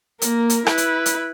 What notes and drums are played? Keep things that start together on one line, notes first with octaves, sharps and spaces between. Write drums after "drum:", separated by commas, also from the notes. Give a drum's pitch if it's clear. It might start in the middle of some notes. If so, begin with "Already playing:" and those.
A#3 A#4, drum: hi-hat
drum: hi-hat
E4 B4, drum: rim click
drum: hi-hat
drum: hi-hat